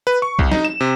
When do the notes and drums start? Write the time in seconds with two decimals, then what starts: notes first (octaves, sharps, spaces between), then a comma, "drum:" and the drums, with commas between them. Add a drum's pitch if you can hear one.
0.07 B4
0.22 C#6
0.39 C2, drum: kick
0.52 D#4, drum: snare
0.65 E7
0.81 C3